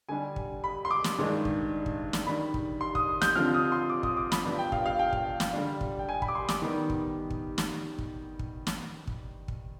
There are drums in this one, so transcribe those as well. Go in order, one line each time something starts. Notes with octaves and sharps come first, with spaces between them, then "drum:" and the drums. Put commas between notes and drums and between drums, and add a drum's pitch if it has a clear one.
D3 G3 D4 G#5
drum: kick
B5
C6
D6
drum: snare
G2 D#3 G#3 D4
drum: kick
drum: kick
drum: snare
D#3 G3 D4 B5
drum: kick
C6
D#6, drum: kick
G6, drum: snare
D3 F3 C4 F6
D#6
C6
D6
D#6, drum: kick
D6
B5, drum: snare
G2 F3 B3 D4
G5
F5, drum: kick
F5
G5
drum: kick
drum: snare
D3 G3 D4
drum: kick
G5
G#5
B5, drum: kick
D6
C6
D6, drum: snare
D#3 G3 B3 D#4
drum: kick
drum: kick
drum: snare
drum: kick
drum: kick
drum: snare
drum: kick
drum: kick